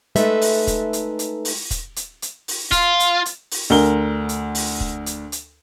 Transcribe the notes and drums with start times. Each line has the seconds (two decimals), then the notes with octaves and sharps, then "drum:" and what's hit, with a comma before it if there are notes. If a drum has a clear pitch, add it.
0.16 G#3 A3 D#4 A4 B4 E5, drum: hi-hat
0.41 drum: open hi-hat
0.67 drum: kick, hi-hat
0.93 drum: hi-hat
1.19 drum: hi-hat
1.45 drum: open hi-hat
1.71 drum: kick, hi-hat
1.96 drum: hi-hat
2.22 drum: hi-hat
2.48 drum: open hi-hat
2.72 F4, drum: kick, hi-hat
3.00 drum: hi-hat
3.26 drum: hi-hat
3.51 drum: open hi-hat
3.70 D2 A#4 G7
4.29 drum: hi-hat
4.55 drum: open hi-hat
4.80 drum: kick
5.06 drum: hi-hat
5.32 drum: hi-hat